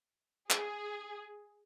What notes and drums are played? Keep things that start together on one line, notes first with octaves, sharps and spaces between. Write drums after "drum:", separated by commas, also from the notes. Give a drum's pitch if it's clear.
G#4, drum: clap